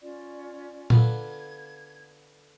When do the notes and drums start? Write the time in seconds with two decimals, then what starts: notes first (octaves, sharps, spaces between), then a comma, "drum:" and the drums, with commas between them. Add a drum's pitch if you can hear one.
0.01 C#4 F4 D5
0.90 D3 B3 F4 G#6, drum: tom